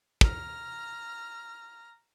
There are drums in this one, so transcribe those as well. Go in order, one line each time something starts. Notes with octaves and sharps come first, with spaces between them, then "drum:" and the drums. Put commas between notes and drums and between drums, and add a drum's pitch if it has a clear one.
A#5 F6, drum: kick